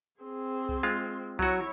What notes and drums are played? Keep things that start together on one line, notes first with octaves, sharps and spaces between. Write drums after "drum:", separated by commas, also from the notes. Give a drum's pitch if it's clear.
C4 G#4
drum: kick C2
G#3 F4
F#3 E4 F#4 C#5, drum: kick C2